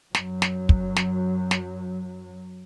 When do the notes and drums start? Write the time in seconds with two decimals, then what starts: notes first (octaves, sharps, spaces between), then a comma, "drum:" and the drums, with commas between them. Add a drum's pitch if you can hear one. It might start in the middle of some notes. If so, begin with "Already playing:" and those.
0.15 F#2 F#3, drum: snare
0.42 drum: snare
0.69 drum: kick
0.96 drum: snare
1.51 drum: snare